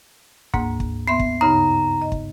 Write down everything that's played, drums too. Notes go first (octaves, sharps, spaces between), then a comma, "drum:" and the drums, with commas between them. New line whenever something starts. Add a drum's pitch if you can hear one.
D2 G#2 A#3, drum: kick
drum: kick
B3 E5 C6 C7
drum: kick
G2 C#3 D#4 A#5
D#5
drum: kick